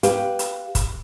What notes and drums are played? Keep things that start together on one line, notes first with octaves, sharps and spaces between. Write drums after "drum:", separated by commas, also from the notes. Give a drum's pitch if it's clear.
G4 B4 F5, drum: hi-hat
drum: hi-hat
drum: kick, hi-hat